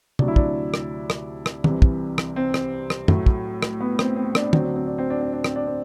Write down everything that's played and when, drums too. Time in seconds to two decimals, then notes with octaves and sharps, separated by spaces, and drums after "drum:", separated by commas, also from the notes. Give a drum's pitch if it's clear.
0.19 D2 C3 F#3 D4, drum: tom
0.28 E4
0.36 D4, drum: kick
0.74 drum: rim click
1.10 drum: rim click
1.46 drum: rim click
1.64 C2 C3 E3, drum: tom
1.82 drum: kick
2.18 drum: rim click
2.36 C4
2.54 drum: rim click
2.90 drum: rim click
3.08 A2 F#3 A3, drum: tom
3.26 drum: kick
3.63 drum: rim click
3.80 B3
3.99 C4, drum: rim click
4.16 C4
4.35 D4, drum: rim click
4.53 D2 D3 F#3 C4, drum: tom
4.64 D4
4.76 C4
4.87 D4
4.98 C4
5.10 D4
5.21 C4
5.33 D4
5.44 C4, drum: rim click
5.56 D4
5.67 C4